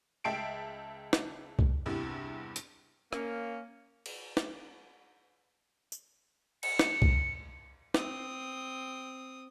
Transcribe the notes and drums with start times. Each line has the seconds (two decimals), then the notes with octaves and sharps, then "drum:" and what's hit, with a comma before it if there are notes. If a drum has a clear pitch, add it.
0.24 C#2 E5 G5 A5 C7 D7
1.13 drum: snare
1.59 drum: kick C2
1.86 E2 G2 C3 E3
2.56 drum: hi-hat
3.13 A#3 C#4, drum: rim click
4.06 drum: cymbal
4.37 drum: snare
5.92 drum: tambourine
6.63 C#7, drum: cymbal
6.79 drum: snare
7.02 drum: kick C2
7.94 C4 D#6, drum: snare